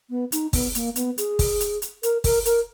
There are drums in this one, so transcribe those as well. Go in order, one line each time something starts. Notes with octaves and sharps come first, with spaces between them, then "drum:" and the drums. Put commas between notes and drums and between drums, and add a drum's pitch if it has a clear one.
B3
D#4, drum: hi-hat
B3, drum: kick, open hi-hat
A#3, drum: hi-hat
B3, drum: hi-hat
G#4, drum: hi-hat
drum: kick, open hi-hat
drum: hi-hat
drum: hi-hat
A#4, drum: hi-hat
A#4, drum: kick, open hi-hat
A#4, drum: hi-hat